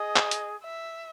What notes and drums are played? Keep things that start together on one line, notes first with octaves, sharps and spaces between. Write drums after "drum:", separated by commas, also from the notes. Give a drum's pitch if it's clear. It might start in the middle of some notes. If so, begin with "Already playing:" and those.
Already playing: G#4 D#5
drum: clap
drum: hi-hat
E5